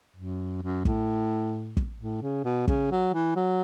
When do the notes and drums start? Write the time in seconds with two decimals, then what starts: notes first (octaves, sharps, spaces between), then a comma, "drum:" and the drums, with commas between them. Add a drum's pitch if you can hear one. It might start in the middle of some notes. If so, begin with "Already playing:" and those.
0.17 F#2
0.62 F#2
0.85 A2, drum: kick
1.77 drum: kick
2.00 A2
2.22 C#3
2.45 B2
2.68 C#3, drum: kick
2.91 F#3
3.14 E3
3.36 F#3